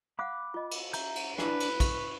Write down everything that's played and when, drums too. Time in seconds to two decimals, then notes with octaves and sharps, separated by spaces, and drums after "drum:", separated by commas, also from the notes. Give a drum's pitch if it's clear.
0.19 F5 F#5 B5 D6 F#6
0.54 F4 D#5
0.71 drum: cymbal
0.93 E5 A#5 G6, drum: cymbal
1.16 drum: cymbal
1.38 D4 E4 B4 G#5, drum: rim click
1.60 drum: cymbal
1.80 C#6, drum: kick, cymbal